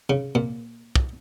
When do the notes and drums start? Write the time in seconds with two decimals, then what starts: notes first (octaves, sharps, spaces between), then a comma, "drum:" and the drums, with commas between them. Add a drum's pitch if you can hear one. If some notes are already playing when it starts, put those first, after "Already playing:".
0.10 C#3
0.35 A#2
0.95 drum: kick